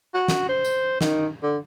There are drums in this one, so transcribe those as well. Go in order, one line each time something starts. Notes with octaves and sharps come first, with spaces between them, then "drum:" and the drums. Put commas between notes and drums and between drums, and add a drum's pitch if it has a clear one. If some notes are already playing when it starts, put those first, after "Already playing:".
F#4
drum: snare
C5
drum: tambourine
D#3, drum: snare
D3